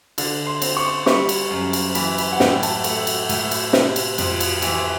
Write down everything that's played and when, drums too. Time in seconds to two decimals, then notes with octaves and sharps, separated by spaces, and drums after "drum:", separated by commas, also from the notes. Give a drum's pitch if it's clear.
0.18 D3, drum: cymbal
0.47 C6
0.62 C4, drum: cymbal
0.77 C#6
1.06 G3 C#6, drum: snare
1.29 drum: cymbal
1.50 F#2
1.73 drum: cymbal
1.95 E3 B5, drum: cymbal
2.18 B5, drum: cymbal
2.32 F#5
2.40 A2 G5, drum: snare
2.63 A5, drum: cymbal
2.84 A3, drum: cymbal
3.07 drum: cymbal
3.29 A2, drum: cymbal
3.51 drum: cymbal
3.73 C3, drum: snare
3.96 drum: cymbal
4.18 F2, drum: cymbal
4.40 drum: cymbal
4.62 E3 E5, drum: cymbal